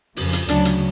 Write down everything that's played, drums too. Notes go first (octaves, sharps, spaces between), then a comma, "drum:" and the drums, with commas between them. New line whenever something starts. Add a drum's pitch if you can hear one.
F2 C#3 F3, drum: open hi-hat
drum: hi-hat
D2 C#3 F#3 D4, drum: hi-hat
drum: hi-hat